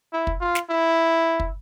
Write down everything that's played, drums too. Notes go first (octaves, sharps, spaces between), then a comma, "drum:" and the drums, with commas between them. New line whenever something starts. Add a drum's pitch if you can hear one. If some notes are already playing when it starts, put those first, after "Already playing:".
E4
drum: kick
F4
drum: snare
E4
drum: kick